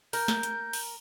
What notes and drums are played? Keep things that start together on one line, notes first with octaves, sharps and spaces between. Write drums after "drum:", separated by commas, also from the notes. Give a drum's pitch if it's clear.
A#4 G6, drum: open hi-hat
drum: snare
drum: hi-hat
drum: open hi-hat